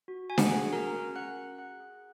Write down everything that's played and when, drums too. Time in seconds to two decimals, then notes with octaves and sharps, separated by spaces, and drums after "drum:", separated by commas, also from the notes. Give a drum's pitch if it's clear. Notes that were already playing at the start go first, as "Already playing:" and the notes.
0.08 F#4
0.30 F#4 G#5
0.38 F#5, drum: snare D4
0.46 G#4 G#5
0.51 F#4
0.73 F#4 A#4 A#5
0.94 C#4
1.16 C#4 F#5 F#6
1.37 F#4
1.58 G#4 F#5 F#6
1.80 G#4